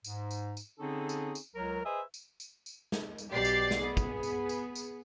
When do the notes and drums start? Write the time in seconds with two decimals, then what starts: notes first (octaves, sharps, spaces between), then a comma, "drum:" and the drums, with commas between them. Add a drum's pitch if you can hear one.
0.04 G#2, drum: tambourine
0.31 drum: tambourine
0.57 drum: tambourine
0.79 D3 C4 C#4 D#4 G#4 A4
1.09 drum: tambourine
1.35 drum: tambourine
1.55 C#2 F#3 A#4
1.84 G#4 B4 C5 D#5 E5 G#5
2.14 drum: tambourine
2.40 drum: tambourine
2.66 drum: tambourine
2.92 drum: snare
3.18 drum: tambourine
3.33 B1 B2 G4 D5 A6 C7
3.45 drum: tambourine
3.71 drum: snare
3.81 B3 G#4
3.97 drum: kick, tambourine
4.23 drum: tambourine
4.49 drum: tambourine
4.75 drum: tambourine